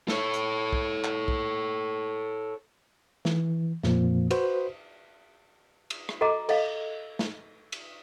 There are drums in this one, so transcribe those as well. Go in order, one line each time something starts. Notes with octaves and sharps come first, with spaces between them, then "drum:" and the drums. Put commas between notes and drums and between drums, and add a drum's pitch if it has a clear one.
A4 C#5, drum: snare
drum: hi-hat
drum: kick
drum: clap
drum: kick
E3, drum: snare
F2 A#2 F3 A#3, drum: snare
F#4 B4 C5, drum: cymbal
drum: cymbal
drum: rim click
F#4 A4 D#5 A#5 D6
A4 D#5 F5, drum: cymbal
drum: snare
drum: cymbal